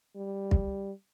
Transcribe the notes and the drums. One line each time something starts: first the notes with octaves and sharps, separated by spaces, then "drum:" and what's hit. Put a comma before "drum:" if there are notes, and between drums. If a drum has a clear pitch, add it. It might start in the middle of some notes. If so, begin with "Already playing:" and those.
G3
drum: kick